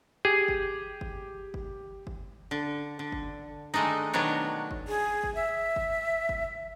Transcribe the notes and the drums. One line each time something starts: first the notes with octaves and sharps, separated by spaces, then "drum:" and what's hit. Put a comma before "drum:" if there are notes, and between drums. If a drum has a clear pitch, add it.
G4 G#4
drum: kick G1
drum: kick G1
drum: kick G1
drum: kick G1
D3
D3
drum: kick G1
D#3 G#3 A3 D4 D#4
B2 D#3 F#3 B3 D4 C#5
drum: kick G1
G#4
drum: kick G1
E5
drum: kick G1
drum: kick G1